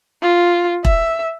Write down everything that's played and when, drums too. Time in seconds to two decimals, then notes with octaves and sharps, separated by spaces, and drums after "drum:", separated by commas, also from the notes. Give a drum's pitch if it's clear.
0.22 F4
0.85 E5, drum: kick E1